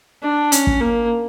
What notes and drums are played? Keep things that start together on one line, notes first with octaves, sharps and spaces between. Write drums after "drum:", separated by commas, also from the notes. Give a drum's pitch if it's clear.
D4
C#4, drum: hi-hat
drum: kick
A#3